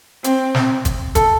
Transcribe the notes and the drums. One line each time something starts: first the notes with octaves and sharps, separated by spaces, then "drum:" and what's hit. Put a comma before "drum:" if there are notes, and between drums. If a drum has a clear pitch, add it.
C4, drum: hi-hat
drum: snare
drum: kick, hi-hat
A4, drum: kick, hi-hat